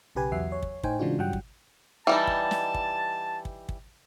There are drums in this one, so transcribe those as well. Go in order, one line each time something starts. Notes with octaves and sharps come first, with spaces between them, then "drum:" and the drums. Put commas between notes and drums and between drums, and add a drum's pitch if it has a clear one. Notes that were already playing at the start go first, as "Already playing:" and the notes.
B1 C#3 G4 B4 G#5
E2 F#3 E5 F#5 C7
C#5
drum: kick
A2 D#4 C5 G5 G#5, drum: kick
C#3 E3 G#3 D4 F4 F#4
G2 F#3 G3 F#5 G5
drum: kick
E3 G3 D#4 A5
drum: kick
drum: snare
drum: kick
drum: kick
drum: kick